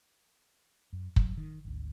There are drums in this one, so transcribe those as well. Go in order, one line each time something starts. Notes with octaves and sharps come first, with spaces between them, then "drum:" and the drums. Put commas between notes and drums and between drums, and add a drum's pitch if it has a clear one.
F#2
F#3, drum: kick
D#3
G#1 D2